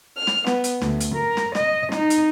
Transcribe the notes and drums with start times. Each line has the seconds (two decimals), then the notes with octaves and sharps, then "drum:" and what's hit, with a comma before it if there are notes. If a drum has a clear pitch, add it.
0.17 F6
0.27 drum: snare
0.47 B3, drum: snare
0.64 drum: hi-hat
0.82 D2, drum: snare
1.00 drum: hi-hat
1.14 A#4
1.37 drum: snare
1.55 D#5, drum: snare
1.92 D#4, drum: snare
2.10 drum: hi-hat